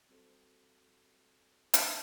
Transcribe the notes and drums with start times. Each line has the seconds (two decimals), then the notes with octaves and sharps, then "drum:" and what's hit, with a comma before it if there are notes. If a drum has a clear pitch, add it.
0.09 G3 C4 F#4 A4 C5
1.74 drum: hi-hat